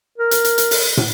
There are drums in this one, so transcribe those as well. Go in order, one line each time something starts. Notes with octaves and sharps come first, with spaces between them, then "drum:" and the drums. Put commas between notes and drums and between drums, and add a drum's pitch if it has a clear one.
A#4
drum: hi-hat
drum: hi-hat
drum: hi-hat
drum: open hi-hat
drum: tom